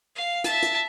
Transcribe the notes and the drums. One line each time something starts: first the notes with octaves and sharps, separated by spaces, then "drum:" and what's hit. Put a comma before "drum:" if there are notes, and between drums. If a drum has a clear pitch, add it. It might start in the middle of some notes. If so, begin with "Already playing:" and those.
F5
E5 A5, drum: hi-hat
drum: hi-hat